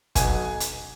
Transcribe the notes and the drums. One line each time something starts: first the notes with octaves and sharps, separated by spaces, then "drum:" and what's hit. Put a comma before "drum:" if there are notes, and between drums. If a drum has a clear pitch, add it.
B1 B2 F#3 G#5, drum: kick, hi-hat
drum: hi-hat